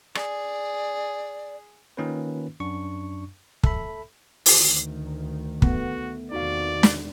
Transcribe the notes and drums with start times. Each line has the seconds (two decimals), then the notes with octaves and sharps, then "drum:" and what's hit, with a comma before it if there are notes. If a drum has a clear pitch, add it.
0.15 G#4 D5, drum: rim click
1.97 D#3 A#3 C#4 D#4 F4 B4
2.60 F#2 D4 C#6
3.64 A4 E5 B5, drum: kick
4.46 D2 D#3, drum: open hi-hat
5.62 A3 B3 F#4, drum: kick
6.32 E2 C3 D#3 D#4 F#4 D5 F5
6.83 drum: snare